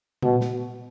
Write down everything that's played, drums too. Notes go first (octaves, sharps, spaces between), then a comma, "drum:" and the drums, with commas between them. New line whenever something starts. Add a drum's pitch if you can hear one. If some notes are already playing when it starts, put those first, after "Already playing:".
B2, drum: tom A#2
drum: snare